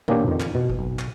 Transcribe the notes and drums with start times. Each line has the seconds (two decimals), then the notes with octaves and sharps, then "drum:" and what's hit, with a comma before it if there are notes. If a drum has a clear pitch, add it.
0.08 D#3 A#3 B3 C#4 D4 G4, drum: tom A#2
0.28 F2 D#3
0.40 drum: clap
0.55 B2
0.70 drum: kick G#1
0.79 B1
0.99 drum: clap